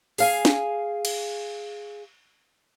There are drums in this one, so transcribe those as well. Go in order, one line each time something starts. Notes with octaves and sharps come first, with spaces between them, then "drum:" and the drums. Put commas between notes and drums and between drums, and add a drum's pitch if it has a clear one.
G#4 F5 G#5, drum: open hi-hat
drum: snare
drum: cymbal